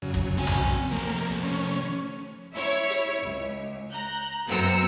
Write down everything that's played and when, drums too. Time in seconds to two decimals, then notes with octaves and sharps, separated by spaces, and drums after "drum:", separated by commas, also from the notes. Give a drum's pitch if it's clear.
0.02 F#2 C#3
0.14 drum: kick
0.37 C4 G#5
0.47 drum: tom B1
0.91 F3 A3 A#3
1.43 C#4
2.53 E4 C#5
2.90 drum: hi-hat
3.23 C#2
3.91 A#5 F#6 G6
4.48 F#2 B3 C4 A#5 E6 C#7